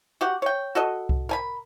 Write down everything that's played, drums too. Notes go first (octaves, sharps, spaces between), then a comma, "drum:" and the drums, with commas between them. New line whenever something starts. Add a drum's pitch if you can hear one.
F#4 G4 F#5
C#5 G5
F#4 A4 D#5
drum: kick C2
A#4 G#5 B5